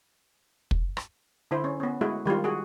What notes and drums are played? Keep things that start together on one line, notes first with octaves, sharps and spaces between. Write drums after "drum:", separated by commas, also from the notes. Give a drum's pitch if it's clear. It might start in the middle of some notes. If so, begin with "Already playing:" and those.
drum: kick
drum: rim click
D3 E4 C5
C#4
B3 C#4
G#3 A3 E4 F#4 G#4
D#3 G3 G#3 F4
F#4 G#4